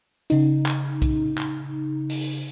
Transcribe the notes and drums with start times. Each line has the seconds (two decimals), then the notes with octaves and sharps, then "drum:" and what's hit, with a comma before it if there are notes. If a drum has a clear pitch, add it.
0.30 C#3 D#4, drum: hi-hat
0.66 drum: clap
1.02 drum: kick B1, hi-hat
1.38 drum: clap
2.10 drum: open hi-hat